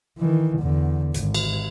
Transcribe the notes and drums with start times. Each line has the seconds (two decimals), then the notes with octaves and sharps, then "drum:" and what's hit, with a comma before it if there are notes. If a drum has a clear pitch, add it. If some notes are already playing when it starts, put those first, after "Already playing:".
0.18 D#3 E3
0.59 E2 D3
1.14 G#1, drum: hi-hat
1.34 drum: cymbal